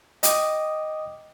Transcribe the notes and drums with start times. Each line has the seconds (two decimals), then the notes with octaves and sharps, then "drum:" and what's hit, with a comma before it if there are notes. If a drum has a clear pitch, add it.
0.23 D#5 G5 D6 D#6, drum: hi-hat